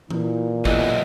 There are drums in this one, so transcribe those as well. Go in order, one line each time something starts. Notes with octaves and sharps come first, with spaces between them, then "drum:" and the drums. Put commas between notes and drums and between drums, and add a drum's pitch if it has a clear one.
A#2 E3, drum: tom E3
B1 E2 E3 D#5, drum: kick